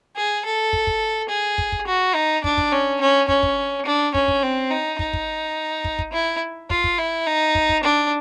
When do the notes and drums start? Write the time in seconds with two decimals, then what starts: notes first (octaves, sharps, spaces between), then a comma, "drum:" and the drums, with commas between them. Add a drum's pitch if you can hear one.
0.16 G#4
0.45 A4
0.73 drum: kick
0.87 drum: kick
1.29 G#4
1.58 drum: kick
1.72 drum: kick
1.87 F#4
2.14 D#4
2.44 D4, drum: kick
2.58 drum: kick
2.72 C#4
3.01 C#4
3.28 C#4, drum: kick
3.43 drum: kick
3.85 D4
4.14 C#4, drum: kick
4.28 drum: kick
4.43 C4
4.71 D#4
4.99 D#4, drum: kick
5.13 drum: kick
5.84 drum: kick
5.99 drum: kick
6.13 E4
6.70 F4, drum: kick
6.84 drum: kick
6.98 E4
7.26 D#4
7.55 drum: kick
7.69 drum: kick
7.83 D4